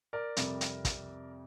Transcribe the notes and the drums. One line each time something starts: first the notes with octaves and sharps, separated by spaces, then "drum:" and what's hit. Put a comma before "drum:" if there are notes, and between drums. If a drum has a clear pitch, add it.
A#4 D5
F2 C3 G3, drum: hi-hat
drum: hi-hat
drum: kick, hi-hat